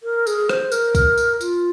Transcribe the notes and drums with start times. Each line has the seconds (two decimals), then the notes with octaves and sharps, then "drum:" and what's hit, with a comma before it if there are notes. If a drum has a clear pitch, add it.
0.03 A#4
0.27 G#4, drum: tambourine
0.49 C5, drum: rim click
0.72 A#4, drum: tambourine
0.95 drum: kick C2, tambourine
1.18 drum: tambourine
1.41 F4, drum: tambourine